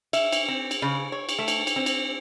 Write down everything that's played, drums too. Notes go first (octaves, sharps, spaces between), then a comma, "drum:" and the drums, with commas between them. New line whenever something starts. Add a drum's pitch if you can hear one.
E5, drum: cymbal
drum: cymbal
C4
drum: cymbal
C#3
C#5
drum: cymbal
A3
drum: cymbal
drum: cymbal
C4
drum: cymbal